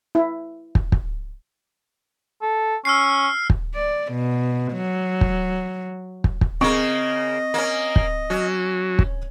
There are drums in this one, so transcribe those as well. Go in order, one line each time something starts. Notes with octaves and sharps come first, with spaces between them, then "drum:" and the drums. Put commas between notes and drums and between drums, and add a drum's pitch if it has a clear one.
E4
drum: kick
drum: kick
A4
C#4 E6 F6 C7
drum: kick
D5
B2
F#3
drum: kick
drum: kick
drum: kick
C#3 A#3 C4 D#5 C#6 D7
A#3 C#4
drum: kick
F#3 C#4
drum: kick